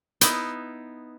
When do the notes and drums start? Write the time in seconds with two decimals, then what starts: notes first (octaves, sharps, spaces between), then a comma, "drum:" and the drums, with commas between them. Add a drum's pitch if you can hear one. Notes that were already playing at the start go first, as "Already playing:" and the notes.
0.21 B3 D#4 E4, drum: hi-hat